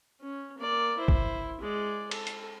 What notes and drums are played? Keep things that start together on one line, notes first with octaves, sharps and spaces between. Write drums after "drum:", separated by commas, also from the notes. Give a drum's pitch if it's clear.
C#4
A#3 D5
E4 C5
drum: kick
G#3 D5
A4, drum: cymbal
drum: hi-hat